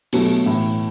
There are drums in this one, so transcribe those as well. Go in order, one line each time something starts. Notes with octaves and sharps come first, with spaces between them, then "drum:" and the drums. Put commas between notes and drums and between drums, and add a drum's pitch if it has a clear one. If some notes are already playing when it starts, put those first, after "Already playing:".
B2 F#3 A3, drum: cymbal
A2 E3 A3